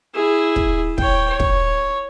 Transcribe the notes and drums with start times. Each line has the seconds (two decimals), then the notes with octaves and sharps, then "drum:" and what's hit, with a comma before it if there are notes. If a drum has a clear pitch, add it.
0.14 E4 G#4
0.56 drum: kick
0.98 C#5 G5, drum: kick
1.29 C#5
1.40 drum: kick